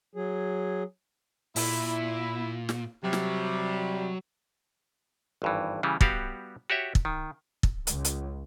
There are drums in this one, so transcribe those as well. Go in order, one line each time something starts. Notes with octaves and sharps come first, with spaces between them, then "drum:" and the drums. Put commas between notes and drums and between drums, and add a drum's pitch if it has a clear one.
F#3 G#4
A#2 E4, drum: open hi-hat
drum: snare
C3 F#3 G3
drum: snare
G#1 G2 E3
C#3 E3 G3
G3 B3 F#4 G4 F5, drum: kick
F#4 G4 C#5 E5
drum: kick
D#3
drum: kick
C#2, drum: hi-hat
drum: hi-hat